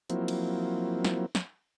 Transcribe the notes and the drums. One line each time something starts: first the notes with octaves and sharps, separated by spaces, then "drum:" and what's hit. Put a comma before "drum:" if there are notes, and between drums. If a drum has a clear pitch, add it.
F3 F#3 A#3 C4 E4, drum: hi-hat
drum: cymbal
drum: snare
drum: snare